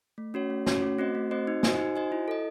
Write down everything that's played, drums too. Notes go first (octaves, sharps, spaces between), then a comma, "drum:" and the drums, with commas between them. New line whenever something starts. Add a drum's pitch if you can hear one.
A3
C#4 F#4 C#5
A3
C#4 F#4 C#5, drum: snare
A3
C4 F#4 C5 D#5
A3
C4 F#4 C5 D#5
D#4
F#4 C5 D#5 G#5, drum: snare
D#4
F#4 C5 D#5 G#5
E4
A4 D#5